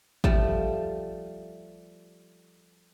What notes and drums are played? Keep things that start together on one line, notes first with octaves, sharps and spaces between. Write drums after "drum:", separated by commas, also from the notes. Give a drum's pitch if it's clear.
F3 G3 A3, drum: kick G#1